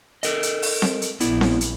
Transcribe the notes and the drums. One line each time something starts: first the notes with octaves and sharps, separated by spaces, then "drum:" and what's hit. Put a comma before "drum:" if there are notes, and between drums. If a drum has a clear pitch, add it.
A4 A#4 D#5, drum: hi-hat
drum: hi-hat
drum: open hi-hat
drum: snare C4
drum: hi-hat
A#1 B3 E4 D5, drum: hi-hat
drum: snare C4
drum: hi-hat